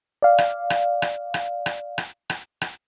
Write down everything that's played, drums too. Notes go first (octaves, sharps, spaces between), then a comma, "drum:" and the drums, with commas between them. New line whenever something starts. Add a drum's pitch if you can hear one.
D5 F5
drum: rim click
drum: rim click
drum: rim click
drum: rim click
drum: rim click
drum: rim click
drum: rim click
drum: rim click